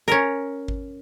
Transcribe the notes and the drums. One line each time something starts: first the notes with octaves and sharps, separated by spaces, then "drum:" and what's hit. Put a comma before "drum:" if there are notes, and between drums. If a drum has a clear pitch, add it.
C#4 A#4, drum: hi-hat
drum: kick G#1